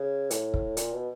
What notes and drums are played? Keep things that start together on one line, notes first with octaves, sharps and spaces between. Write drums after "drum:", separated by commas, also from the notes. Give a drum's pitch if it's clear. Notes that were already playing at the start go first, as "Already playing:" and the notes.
Already playing: C#3
A2, drum: hi-hat
drum: kick
A#2, drum: hi-hat
B2